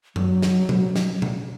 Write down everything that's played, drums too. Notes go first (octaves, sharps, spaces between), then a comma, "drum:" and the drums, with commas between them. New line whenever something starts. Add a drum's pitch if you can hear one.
F#3, drum: tom F#2
drum: snare
drum: tom B2
drum: snare
drum: tom B2